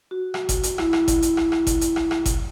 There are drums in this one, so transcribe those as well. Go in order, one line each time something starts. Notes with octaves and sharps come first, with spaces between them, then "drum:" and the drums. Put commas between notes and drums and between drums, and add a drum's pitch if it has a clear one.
F#4
drum: rim click
drum: kick G1, hi-hat
drum: hi-hat
E4, drum: rim click
drum: rim click
drum: kick G1, hi-hat
drum: hi-hat
drum: rim click
drum: rim click
drum: kick G1, hi-hat
drum: hi-hat
drum: rim click
drum: rim click
drum: kick G1, hi-hat